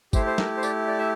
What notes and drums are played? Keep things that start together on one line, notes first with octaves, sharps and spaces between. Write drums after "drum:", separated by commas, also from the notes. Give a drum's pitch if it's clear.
A3 E4 G4 C5, drum: kick G1, tambourine
C5
A#4, drum: snare
C5
D5, drum: tambourine
D5
E5